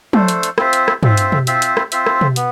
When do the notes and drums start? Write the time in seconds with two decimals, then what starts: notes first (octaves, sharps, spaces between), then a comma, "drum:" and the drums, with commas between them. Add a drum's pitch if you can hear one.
0.13 A3 D4 A4 C5, drum: tom
0.28 drum: hi-hat
0.43 drum: hi-hat
0.58 C4 F4 C5 E5, drum: rim click
0.73 drum: hi-hat
0.88 drum: rim click
1.03 C4 F4 C5 E5, drum: tom
1.17 drum: hi-hat
1.32 drum: tom B2
1.47 C4 F4 C5 E5, drum: hi-hat
1.62 drum: hi-hat
1.77 drum: rim click
1.92 C4 F4 C5 E5, drum: hi-hat
2.06 drum: rim click
2.21 drum: tom B2
2.36 B3, drum: hi-hat